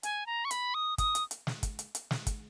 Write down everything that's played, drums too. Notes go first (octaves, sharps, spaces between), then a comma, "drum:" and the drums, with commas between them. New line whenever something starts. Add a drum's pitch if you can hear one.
G#5, drum: hi-hat
A#5
C#6
B5, drum: hi-hat
D#6
D#6, drum: kick, hi-hat
drum: hi-hat
drum: hi-hat
drum: snare
drum: kick, hi-hat
drum: hi-hat
drum: hi-hat
drum: snare
drum: kick, hi-hat